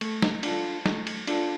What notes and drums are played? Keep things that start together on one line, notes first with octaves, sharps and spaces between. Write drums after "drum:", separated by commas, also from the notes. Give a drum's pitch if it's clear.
A3, drum: cymbal
drum: snare
D4 F4 A4, drum: cymbal
A3, drum: snare
drum: cymbal
D4 F4 A4, drum: cymbal